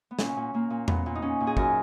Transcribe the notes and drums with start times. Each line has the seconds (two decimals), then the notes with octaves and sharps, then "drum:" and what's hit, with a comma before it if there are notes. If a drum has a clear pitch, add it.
0.11 B3
0.19 A#2 C#4, drum: snare
0.37 A#2
0.54 A#2 A#3
0.70 A#2
0.88 A#2 B3, drum: tom E2
1.06 A#2
1.15 D#4
1.22 A#2 C#4
1.40 A#2
1.47 G#4
1.57 F#2 A#4, drum: kick